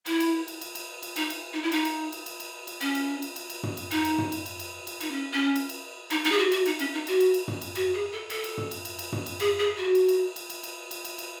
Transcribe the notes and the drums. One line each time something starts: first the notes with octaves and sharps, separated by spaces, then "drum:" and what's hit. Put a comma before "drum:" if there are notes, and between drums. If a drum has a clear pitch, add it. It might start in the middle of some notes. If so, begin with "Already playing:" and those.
E4, drum: cymbal
drum: cymbal
drum: cymbal
drum: cymbal
drum: cymbal
drum: cymbal
D#4, drum: cymbal
drum: cymbal
D#4
E4
D#4, drum: cymbal
drum: cymbal
drum: cymbal
drum: cymbal
drum: cymbal
drum: cymbal
C#4, drum: cymbal
drum: cymbal
drum: cymbal
drum: cymbal
drum: cymbal
drum: tom
drum: cymbal
D#4, drum: cymbal
drum: cymbal
drum: tom
drum: cymbal
drum: cymbal
drum: cymbal
drum: cymbal
D#4, drum: cymbal
C#4
C#4
drum: cymbal
drum: cymbal
D#4, drum: cymbal
D#4, drum: cymbal
G#4
F#4
F#4, drum: cymbal
D#4, drum: cymbal
C#4, drum: cymbal
D#4
F#4, drum: cymbal
drum: cymbal
drum: cymbal
drum: tom
drum: cymbal
F#4, drum: cymbal
G#4
A4
A4, drum: cymbal
drum: cymbal
drum: tom
drum: cymbal
drum: cymbal
drum: cymbal
drum: tom
drum: cymbal
G#4, drum: cymbal
G#4
F#4
drum: cymbal
drum: cymbal
drum: cymbal
drum: cymbal
drum: cymbal
drum: cymbal
drum: cymbal
drum: cymbal